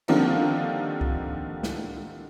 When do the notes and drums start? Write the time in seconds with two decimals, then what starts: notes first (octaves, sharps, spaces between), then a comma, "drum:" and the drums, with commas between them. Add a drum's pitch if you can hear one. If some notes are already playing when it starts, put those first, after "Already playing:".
0.08 D3 D#3 F3 G3 A#3 C4, drum: cymbal
1.01 drum: kick C2
1.63 drum: snare